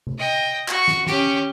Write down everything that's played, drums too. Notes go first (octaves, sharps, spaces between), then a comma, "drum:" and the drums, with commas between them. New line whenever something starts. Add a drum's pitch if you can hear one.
drum: tom C3
D#5 G5
F#4 C#6, drum: clap
drum: snare
C#4 G4, drum: snare